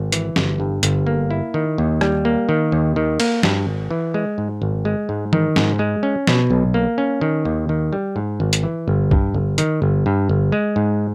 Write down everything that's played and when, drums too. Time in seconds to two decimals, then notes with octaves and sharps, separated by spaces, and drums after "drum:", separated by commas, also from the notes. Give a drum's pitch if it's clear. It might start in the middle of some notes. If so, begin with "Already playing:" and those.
Already playing: G#1
0.12 E3, drum: hi-hat
0.36 G1, drum: snare
0.60 G2
0.83 G1, drum: hi-hat
1.07 A#3
1.31 E4
1.54 D#3
1.78 D#2
2.01 G3, drum: rim click
2.25 A#3
2.49 D#3
2.72 D#2
2.96 D#3
3.20 A#3, drum: cymbal
3.43 G2, drum: snare
3.67 G#1
3.91 E3
4.14 G#3
4.38 G#2
4.62 G#1
4.85 G#3
5.09 G#2
5.33 D#3, drum: tom E3
5.56 G#2, drum: snare
5.79 G#3
6.03 C#4
6.27 B2, drum: snare
6.51 B1
6.74 A#3
6.98 C#4
7.21 D#3
7.45 D#2
7.69 D#3
7.93 G3
8.16 G#2
8.40 G#1
8.53 drum: hi-hat
8.63 E3
8.88 G1
9.11 G2, drum: kick
9.35 G1
9.58 D#3, drum: hi-hat
9.82 G1
10.06 G2
10.29 G1
10.52 G#3
10.76 G#2